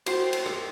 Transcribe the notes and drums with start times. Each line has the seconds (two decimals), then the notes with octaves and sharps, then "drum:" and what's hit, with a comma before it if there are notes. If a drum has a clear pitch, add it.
0.06 F#4 C5 G5 C6, drum: cymbal
0.33 drum: cymbal
0.46 drum: rim click